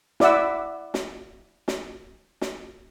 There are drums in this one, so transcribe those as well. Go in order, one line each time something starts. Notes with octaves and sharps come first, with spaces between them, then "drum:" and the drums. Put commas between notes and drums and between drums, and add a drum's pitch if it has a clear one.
E4 D5 E5 F#5 E6, drum: snare
drum: snare
drum: snare
drum: snare